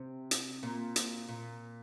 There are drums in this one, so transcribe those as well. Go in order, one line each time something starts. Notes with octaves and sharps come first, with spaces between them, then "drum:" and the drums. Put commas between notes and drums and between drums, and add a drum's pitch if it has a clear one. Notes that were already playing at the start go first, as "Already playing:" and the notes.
Already playing: C3
drum: hi-hat
A#2
drum: hi-hat
A#2